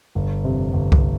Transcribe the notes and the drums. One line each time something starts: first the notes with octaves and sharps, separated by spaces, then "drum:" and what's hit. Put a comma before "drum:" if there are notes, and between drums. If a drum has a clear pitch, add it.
G1
F2 C3
G1
drum: kick C2